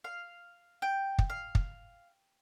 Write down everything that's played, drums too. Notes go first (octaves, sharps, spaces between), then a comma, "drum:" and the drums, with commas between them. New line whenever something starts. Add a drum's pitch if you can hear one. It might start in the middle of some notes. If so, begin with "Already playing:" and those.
F5
G5
drum: kick
F5
drum: kick